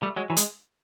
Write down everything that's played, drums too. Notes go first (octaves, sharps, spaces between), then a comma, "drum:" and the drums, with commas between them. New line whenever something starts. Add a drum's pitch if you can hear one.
G3 A3
F#3 G#3
E3 F#3
G#3, drum: hi-hat